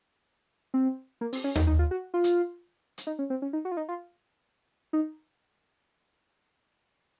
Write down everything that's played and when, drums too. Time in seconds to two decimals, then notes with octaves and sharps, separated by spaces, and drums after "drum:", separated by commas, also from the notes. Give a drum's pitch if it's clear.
0.74 C4
1.21 A#3
1.33 C4, drum: open hi-hat
1.44 C#4
1.56 D#4, drum: tom D#2
1.67 D#4
1.79 F4
1.91 F#4
2.14 F4
2.24 drum: hi-hat
2.98 drum: hi-hat
3.07 D#4
3.19 C#4
3.30 C4
3.42 C#4
3.53 D#4
3.65 F#4
3.71 F4
3.77 D#4
3.89 F4
4.93 D#4